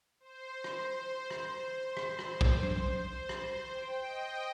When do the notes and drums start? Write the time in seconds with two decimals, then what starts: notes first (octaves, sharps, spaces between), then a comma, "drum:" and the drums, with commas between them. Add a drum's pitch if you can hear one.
0.20 C5
0.64 drum: rim click
1.31 drum: rim click
1.97 drum: rim click
2.19 drum: rim click
2.41 drum: kick
2.63 drum: tom
2.84 C5
3.29 C5, drum: rim click
3.73 G5
4.03 D#5